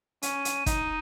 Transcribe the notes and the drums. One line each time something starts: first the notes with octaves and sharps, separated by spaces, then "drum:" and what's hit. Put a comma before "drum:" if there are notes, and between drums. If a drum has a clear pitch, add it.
C#4 D#7, drum: hi-hat
drum: hi-hat
D#4, drum: kick, hi-hat